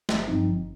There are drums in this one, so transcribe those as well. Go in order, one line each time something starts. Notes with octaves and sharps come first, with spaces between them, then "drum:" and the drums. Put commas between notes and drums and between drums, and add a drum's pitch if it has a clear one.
G1, drum: snare
G2 F3 C4 D#4
G1